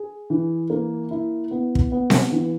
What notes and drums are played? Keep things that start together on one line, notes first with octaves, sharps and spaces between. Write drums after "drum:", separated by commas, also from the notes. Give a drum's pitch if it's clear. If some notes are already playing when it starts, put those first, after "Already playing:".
Already playing: G#4
E3
A#3
E4
B3
drum: kick
B3
drum: snare C4
E3